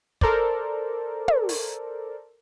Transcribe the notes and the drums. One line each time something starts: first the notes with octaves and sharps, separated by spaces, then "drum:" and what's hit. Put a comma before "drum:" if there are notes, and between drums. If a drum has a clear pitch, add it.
A4 A#4 C5 D5, drum: kick
drum: tom
drum: open hi-hat